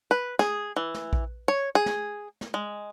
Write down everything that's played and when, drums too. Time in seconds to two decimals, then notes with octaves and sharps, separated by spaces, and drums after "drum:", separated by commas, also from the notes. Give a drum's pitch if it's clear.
0.11 B4
0.39 G#4, drum: snare
0.76 E3
0.94 drum: snare
1.13 drum: kick A#1
1.48 C#5
1.75 G#4
1.86 drum: snare
2.41 drum: snare
2.54 G#3